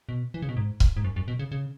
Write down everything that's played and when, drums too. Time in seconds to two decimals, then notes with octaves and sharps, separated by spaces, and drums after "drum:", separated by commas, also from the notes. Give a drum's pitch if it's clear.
0.09 B2
0.34 E3
0.42 C#3
0.49 B2
0.57 G#2
0.80 drum: kick C#1
0.97 G#2
1.04 F#2
1.16 F#2
1.28 B2
1.39 C#3
1.52 C#3